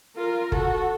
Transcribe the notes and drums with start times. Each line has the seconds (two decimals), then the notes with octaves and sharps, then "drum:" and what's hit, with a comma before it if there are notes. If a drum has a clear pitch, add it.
0.17 F4 A#4
0.52 F#4 A4, drum: kick F#1